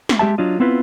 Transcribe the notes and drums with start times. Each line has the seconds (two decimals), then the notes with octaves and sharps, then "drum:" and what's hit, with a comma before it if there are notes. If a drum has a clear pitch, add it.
0.09 drum: snare
0.19 G#3 G4 E5 A5
0.38 F#3 D4 F4 D#5
0.60 B3 C4 E4 F4 B4